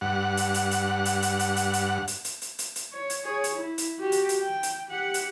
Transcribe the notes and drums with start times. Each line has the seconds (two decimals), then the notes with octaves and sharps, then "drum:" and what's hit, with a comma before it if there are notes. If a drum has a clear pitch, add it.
0.01 G2 F#5
0.37 drum: hi-hat
0.54 drum: hi-hat
0.71 drum: hi-hat
1.05 drum: hi-hat
1.22 drum: hi-hat
1.39 drum: hi-hat
1.56 drum: hi-hat
1.73 drum: hi-hat
2.08 drum: hi-hat
2.25 drum: hi-hat
2.42 drum: hi-hat
2.59 drum: hi-hat
2.76 drum: hi-hat
2.93 C#5
3.10 drum: hi-hat
3.24 G#4 C#5
3.44 drum: hi-hat
3.54 E4
3.78 drum: hi-hat
3.99 F#4 G4
4.12 drum: hi-hat
4.29 drum: hi-hat
4.40 G5
4.63 drum: hi-hat
4.89 G4 F#5
5.14 drum: hi-hat